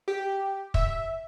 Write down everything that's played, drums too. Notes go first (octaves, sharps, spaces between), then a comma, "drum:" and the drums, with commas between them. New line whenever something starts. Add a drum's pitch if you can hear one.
G4
E5, drum: kick